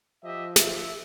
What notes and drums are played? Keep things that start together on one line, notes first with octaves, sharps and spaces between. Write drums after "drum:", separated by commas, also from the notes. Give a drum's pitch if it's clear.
F3 G4 D#5 E5
E5, drum: snare